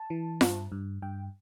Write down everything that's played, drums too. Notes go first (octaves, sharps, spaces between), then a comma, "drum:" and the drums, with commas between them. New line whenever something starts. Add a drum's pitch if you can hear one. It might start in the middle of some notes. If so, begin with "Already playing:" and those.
Already playing: A5
E3
G2, drum: snare F4
G2
G2 G5